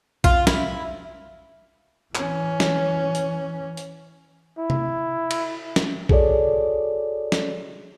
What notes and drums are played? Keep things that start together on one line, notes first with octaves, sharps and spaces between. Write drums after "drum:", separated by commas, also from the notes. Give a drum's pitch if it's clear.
F4, drum: kick A#1
E4, drum: snare
E3 C#4, drum: clap
drum: snare
drum: hi-hat
drum: hi-hat
E4
drum: tom C3
drum: cymbal
drum: snare
F#4 G#4 A4 C#5 D5, drum: kick A#1
drum: snare